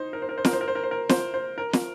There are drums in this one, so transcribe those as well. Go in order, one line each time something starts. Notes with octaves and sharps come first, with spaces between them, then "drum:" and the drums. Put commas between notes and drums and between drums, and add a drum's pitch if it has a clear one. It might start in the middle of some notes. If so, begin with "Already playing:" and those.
Already playing: D#4 C5
A#4
C5
A#4
C5
A#4, drum: snare
C5
A#4
C5
A#4
C5
A#4
C5, drum: snare
C5
A#4
drum: snare